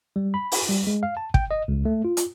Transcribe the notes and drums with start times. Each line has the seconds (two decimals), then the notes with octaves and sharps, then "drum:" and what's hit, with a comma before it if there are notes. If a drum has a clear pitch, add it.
0.16 G3
0.34 B5
0.52 drum: open hi-hat
0.69 G3
0.87 G#3
1.03 F5
1.17 A5
1.34 G5, drum: kick
1.51 D#5
1.68 C#2
1.85 A3
2.05 F4
2.17 drum: hi-hat